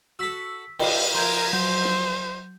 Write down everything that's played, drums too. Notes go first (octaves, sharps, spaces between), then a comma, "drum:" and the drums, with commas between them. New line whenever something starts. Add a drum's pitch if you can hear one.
F#4 A4 E6 B6
D#4 D5 F5 G5 C6, drum: cymbal
F3 A#4 C6 G6 G#6
F#3 C5 G6
drum: snare